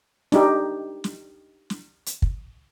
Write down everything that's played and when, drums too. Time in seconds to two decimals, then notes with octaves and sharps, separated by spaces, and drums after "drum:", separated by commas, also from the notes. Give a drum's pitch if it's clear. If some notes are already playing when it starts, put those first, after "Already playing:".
0.32 D4 D#4 G4, drum: snare
1.04 drum: snare
1.70 drum: snare
2.06 drum: hi-hat
2.22 drum: kick